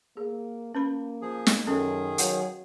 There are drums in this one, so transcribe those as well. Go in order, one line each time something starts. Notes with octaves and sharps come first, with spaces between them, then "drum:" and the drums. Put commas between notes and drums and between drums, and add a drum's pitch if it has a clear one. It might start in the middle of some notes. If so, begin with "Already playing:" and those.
A#3 G#4
A#3 C#4 B4 B5
F3 G#4
drum: snare
F#2 D#3 C#4 G#4 A4
F#3 B4 F5 F#5, drum: hi-hat